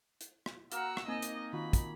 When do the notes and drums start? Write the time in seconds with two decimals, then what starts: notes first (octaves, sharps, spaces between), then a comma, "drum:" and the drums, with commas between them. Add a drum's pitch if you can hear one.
0.21 drum: hi-hat
0.46 drum: rim click
0.72 A#3 F#4 A#4 F#5 A#5 E6, drum: hi-hat
0.97 drum: rim click
1.08 A#3 C4 D#4 D#5 G#5
1.22 drum: hi-hat
1.53 D#3 F4 F#4 B5
1.73 drum: kick, hi-hat